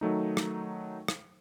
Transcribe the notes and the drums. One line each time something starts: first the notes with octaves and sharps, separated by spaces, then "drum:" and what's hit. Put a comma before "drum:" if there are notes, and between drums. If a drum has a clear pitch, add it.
D#3 F#3 A3 D#4
drum: rim click
drum: rim click